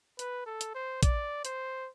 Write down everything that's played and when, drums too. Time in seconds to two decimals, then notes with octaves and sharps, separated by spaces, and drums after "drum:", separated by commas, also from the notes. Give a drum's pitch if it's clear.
0.19 B4, drum: hi-hat
0.46 A4
0.61 drum: hi-hat
0.75 C5
1.03 D5, drum: kick A#1, hi-hat
1.45 C5, drum: hi-hat